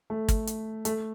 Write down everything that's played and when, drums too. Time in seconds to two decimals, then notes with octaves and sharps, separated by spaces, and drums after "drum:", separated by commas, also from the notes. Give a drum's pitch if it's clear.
0.10 A3
0.28 drum: kick, hi-hat
0.47 drum: hi-hat
0.85 A3, drum: hi-hat